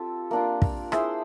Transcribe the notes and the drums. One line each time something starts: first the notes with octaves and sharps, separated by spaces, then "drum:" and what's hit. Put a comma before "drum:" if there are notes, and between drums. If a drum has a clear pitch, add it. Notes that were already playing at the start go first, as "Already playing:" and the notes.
Already playing: C4 F4 G4 A4
A#3 D4 F4
drum: kick
E4 G#4 C5, drum: rim click